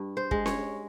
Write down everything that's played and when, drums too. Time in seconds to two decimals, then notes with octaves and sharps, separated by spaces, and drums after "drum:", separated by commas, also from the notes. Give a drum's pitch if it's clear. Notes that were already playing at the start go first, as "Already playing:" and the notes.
Already playing: G2
0.17 C5
0.31 G#3, drum: kick
0.46 C#5, drum: snare C#4